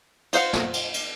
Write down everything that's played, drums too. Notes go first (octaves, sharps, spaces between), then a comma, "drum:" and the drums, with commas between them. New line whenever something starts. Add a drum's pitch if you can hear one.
F4 C5 F5 F#5, drum: cymbal
drum: snare
drum: cymbal
drum: cymbal